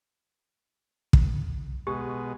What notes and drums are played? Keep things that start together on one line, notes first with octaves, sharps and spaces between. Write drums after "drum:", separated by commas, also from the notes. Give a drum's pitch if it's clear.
drum: kick
B2 G#3 G4